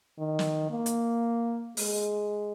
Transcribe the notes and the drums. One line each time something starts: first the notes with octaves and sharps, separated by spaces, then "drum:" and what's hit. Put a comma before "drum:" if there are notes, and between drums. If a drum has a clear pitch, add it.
D#3
drum: snare
A#3
drum: hi-hat
G#3, drum: open hi-hat